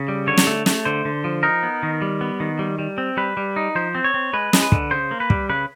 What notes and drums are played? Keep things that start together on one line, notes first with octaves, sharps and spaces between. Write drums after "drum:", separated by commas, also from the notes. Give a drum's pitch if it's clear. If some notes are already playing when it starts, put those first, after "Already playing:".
Already playing: C#3
G3
D3 C#5
drum: snare
A3
A3, drum: snare
D3 C5
D3
F3
D#4 A#4
B3
D#3
G3
B3
D#3
G3
G3
C4
G3 B4
G3
D#4
F3 C5
C4
C#5
C4
G#3 B4
G#3, drum: snare
B4
D3, drum: kick
C#3 C5
A#3
B4
G3, drum: kick
C#3 B4